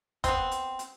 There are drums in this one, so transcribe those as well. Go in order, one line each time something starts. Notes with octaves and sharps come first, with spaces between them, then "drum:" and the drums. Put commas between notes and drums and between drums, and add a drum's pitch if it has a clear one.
B3 C4, drum: kick, hi-hat
drum: hi-hat
drum: hi-hat